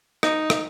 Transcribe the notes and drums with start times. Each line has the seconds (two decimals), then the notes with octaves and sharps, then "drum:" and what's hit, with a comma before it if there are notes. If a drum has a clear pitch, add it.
0.23 D#4, drum: rim click
0.50 drum: rim click